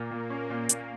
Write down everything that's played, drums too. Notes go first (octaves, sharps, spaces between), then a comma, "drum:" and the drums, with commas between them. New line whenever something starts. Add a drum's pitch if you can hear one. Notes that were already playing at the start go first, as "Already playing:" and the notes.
Already playing: A#2 A#3
A#2
A#3 C#4
A#2
A#2, drum: hi-hat